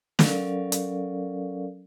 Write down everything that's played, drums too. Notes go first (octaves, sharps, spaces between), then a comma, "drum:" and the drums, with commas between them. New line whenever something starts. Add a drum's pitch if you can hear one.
F#3 C#4 A4 A#4 D5 F5, drum: snare
drum: hi-hat